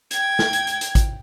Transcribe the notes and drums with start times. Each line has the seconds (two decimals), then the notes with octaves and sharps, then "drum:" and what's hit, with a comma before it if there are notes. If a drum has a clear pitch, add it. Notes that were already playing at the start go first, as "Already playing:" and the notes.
0.11 G5 G#6, drum: hi-hat
0.39 drum: snare
0.53 drum: hi-hat
0.67 drum: hi-hat
0.81 drum: hi-hat
0.95 drum: kick, hi-hat